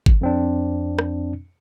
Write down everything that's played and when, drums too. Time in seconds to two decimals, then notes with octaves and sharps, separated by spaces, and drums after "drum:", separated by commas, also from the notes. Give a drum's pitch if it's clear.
0.06 drum: kick G1
0.21 F2 C4 D4
0.99 drum: rim click